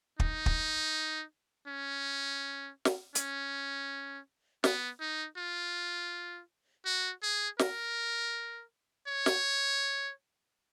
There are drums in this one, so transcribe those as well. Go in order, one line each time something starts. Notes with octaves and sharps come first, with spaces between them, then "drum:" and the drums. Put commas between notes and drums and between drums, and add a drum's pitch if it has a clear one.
D#4, drum: kick
drum: kick
C#4
drum: snare
C#4, drum: hi-hat
B3, drum: snare
D#4
F4
F#4
G#4
A#4, drum: snare
C#5
drum: snare